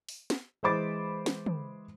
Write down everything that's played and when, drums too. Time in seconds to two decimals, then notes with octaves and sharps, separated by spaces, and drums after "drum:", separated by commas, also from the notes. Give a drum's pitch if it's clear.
0.09 drum: open hi-hat
0.30 drum: snare
0.63 E3 G#3 C5 B5 D6 A6
1.26 drum: snare
1.46 drum: tom